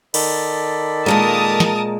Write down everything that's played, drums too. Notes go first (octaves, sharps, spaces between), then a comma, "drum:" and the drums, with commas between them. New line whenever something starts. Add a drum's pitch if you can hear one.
D#3 A4 D5 B5, drum: cymbal
A#2 G#3 A#3 A#4 A5 D#6
drum: snare